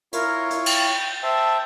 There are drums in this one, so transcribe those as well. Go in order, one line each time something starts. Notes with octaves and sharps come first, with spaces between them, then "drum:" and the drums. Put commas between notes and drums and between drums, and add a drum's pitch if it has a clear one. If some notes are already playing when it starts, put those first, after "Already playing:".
E4 F4 A#4 C#5, drum: hi-hat
drum: hi-hat
G5, drum: cymbal
C5 E5 G5 A5